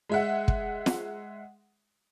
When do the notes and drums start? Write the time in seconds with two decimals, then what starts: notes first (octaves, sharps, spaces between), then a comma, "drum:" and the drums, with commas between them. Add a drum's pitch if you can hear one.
0.09 G#3 E5 F#5
0.48 drum: kick
0.86 drum: snare